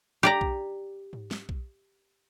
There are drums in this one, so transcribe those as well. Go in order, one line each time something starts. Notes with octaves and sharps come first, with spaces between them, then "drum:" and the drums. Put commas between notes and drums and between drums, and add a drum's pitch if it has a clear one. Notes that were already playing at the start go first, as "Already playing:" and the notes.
G4 D5 A#5
drum: kick B1
drum: tom G#2
drum: snare
drum: kick B1